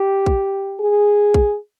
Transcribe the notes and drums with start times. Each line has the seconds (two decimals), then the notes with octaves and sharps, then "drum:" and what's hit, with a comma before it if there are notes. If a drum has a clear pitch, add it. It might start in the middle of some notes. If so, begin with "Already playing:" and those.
Already playing: G4
0.26 drum: kick
0.81 G#4
1.34 drum: kick